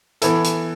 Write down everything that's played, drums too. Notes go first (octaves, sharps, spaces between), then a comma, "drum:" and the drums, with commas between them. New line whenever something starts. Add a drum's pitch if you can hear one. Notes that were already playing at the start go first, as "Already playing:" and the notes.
E3 B3 E4 A4, drum: hi-hat
drum: hi-hat